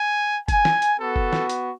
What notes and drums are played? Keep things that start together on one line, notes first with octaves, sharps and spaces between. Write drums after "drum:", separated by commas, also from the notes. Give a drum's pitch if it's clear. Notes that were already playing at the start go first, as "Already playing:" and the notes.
Already playing: G#5
G#5, drum: kick F#1, hi-hat
drum: snare
drum: hi-hat
B3 F#4 A4
drum: kick F#1
drum: snare
drum: hi-hat